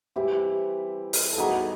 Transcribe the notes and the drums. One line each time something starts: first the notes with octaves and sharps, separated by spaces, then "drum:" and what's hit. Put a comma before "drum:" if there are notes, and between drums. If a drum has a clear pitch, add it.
E3 G3 C4 E4 G4
drum: open hi-hat
A4
G3 B3 D#4 F#4 G#4
G#4